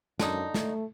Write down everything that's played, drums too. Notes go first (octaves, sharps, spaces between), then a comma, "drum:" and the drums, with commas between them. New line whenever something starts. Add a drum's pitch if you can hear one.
F#2 D3 D#4, drum: snare
A3, drum: snare